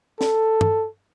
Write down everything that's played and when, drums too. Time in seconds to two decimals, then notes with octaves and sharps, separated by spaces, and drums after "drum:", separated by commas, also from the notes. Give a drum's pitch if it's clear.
0.21 A4, drum: snare
0.61 drum: tom